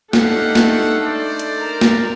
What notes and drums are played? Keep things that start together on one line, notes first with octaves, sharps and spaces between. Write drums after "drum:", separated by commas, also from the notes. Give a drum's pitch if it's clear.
A3 D4 D#4 G4 A4 F5 F#5, drum: snare
drum: snare
C5 D5
drum: hi-hat
A#4
drum: snare